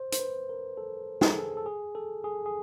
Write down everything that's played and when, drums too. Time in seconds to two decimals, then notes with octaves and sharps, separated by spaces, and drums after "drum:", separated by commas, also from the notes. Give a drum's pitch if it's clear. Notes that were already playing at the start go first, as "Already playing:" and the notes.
Already playing: C5
0.12 C5, drum: hi-hat
0.20 B4
0.49 A#4
0.77 A4
1.21 A4, drum: snare
1.30 G#4
1.39 A4
1.57 A4
1.66 G#4
1.95 A4
2.24 G#4
2.46 G#4